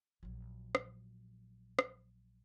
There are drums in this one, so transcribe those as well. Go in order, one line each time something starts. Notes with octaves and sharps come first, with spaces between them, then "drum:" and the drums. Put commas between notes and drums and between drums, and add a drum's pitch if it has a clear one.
A#1 F#3
drum: rim click
drum: rim click